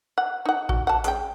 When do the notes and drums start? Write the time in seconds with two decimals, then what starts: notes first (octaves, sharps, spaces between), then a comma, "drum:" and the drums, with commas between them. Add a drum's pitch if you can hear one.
0.18 F#5
0.46 D#4 F#5
0.69 F#4, drum: kick A1
0.87 F#5 A5
1.04 G#3 C#4 G5, drum: hi-hat